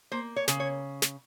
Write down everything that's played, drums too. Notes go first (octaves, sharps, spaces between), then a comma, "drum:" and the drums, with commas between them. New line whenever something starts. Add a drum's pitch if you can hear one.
A#3 C5
C#5
C#3, drum: snare
C#5
drum: snare